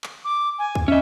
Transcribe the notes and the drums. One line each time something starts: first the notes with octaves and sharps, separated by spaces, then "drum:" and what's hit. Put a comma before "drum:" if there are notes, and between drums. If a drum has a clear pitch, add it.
drum: clap
D6
G#5
drum: kick C#2
C#4 D#5 E5